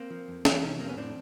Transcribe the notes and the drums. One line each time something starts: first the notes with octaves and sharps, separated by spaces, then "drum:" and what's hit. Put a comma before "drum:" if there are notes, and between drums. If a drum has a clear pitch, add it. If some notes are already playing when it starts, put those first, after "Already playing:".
Already playing: A#3 C4
F3
F2
E3, drum: snare
C3 C#4 D#4
F2 A#3 C4
B3 C#4
A2 C4 D4